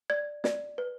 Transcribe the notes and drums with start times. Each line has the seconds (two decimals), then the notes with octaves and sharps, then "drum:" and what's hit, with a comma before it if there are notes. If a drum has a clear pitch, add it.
0.10 D5 G#6
0.44 D5, drum: snare
0.78 B4